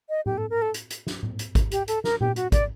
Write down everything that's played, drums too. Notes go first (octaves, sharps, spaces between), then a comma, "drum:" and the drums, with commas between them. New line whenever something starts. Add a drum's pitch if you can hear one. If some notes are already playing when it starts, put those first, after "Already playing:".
D#5
G4, drum: tom A2
A4
A#4
A4
drum: hi-hat
drum: hi-hat
drum: snare
drum: tom A2
drum: hi-hat
drum: kick G#1, hi-hat
G4, drum: hi-hat
A4, drum: hi-hat
A#4, drum: snare
G4, drum: tom A#2
F#4, drum: hi-hat
D5, drum: kick G#1, hi-hat